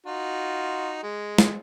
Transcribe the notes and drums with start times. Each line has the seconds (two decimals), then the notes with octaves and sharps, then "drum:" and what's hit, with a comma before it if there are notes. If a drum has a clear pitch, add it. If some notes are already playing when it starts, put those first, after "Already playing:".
0.06 D#4 F4 F#4
1.03 G#3
1.38 drum: snare